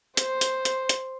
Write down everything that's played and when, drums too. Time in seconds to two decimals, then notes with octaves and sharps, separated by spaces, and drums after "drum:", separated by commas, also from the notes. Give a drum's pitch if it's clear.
0.17 C5, drum: hi-hat
0.41 drum: hi-hat
0.65 drum: hi-hat
0.89 drum: hi-hat